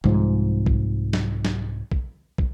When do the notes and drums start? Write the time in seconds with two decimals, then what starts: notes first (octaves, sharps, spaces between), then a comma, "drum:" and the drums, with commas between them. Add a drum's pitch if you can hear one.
0.04 C2 G#2 F3, drum: tom D3
0.66 drum: kick
1.13 drum: snare
1.45 drum: snare
1.92 drum: kick
2.38 drum: kick